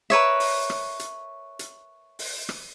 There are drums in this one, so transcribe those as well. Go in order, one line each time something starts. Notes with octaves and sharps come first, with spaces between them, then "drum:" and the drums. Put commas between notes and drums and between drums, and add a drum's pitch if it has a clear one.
A#4 B4 C#5 E5
drum: open hi-hat
drum: rim click
drum: hi-hat
drum: hi-hat
drum: open hi-hat
drum: rim click